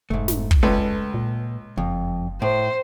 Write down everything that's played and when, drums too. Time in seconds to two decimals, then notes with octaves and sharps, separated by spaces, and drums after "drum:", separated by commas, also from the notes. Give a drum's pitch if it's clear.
0.10 F1 G#2 A3
0.28 drum: snare
0.51 drum: kick
0.63 C#2 A4 B4
1.14 A#2
1.78 F#1 F2
2.42 A2 C5